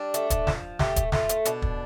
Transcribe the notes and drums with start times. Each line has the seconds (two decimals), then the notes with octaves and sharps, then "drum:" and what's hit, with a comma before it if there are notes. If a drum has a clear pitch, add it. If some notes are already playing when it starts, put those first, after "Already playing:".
Already playing: G3 D4
0.14 A3, drum: hi-hat
0.30 drum: kick, hi-hat
0.47 F3, drum: snare
0.79 A3 G4, drum: snare
0.96 drum: kick, hi-hat
1.12 A3 F4, drum: snare
1.29 drum: hi-hat
1.45 B2 D4, drum: hi-hat
1.62 drum: kick